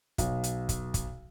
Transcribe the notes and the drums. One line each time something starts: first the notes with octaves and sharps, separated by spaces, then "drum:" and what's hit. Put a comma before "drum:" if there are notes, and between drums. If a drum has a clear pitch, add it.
B1, drum: kick, hi-hat
drum: hi-hat
drum: kick, hi-hat
drum: kick, hi-hat